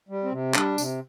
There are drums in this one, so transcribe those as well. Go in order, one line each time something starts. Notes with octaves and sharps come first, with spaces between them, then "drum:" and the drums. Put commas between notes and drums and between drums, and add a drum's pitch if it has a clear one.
G3
C4
C3
G3 D4, drum: clap
C3, drum: tambourine